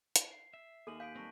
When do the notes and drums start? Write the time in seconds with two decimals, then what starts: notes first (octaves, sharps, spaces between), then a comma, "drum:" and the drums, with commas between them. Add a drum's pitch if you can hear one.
0.16 drum: hi-hat
0.32 C7
0.53 E5
0.87 D#2 A4 D#5 G#5 D#7 F#7
1.00 F5 F#6 G6 B6 D7
1.16 G3 C4 A5 C#6 A#6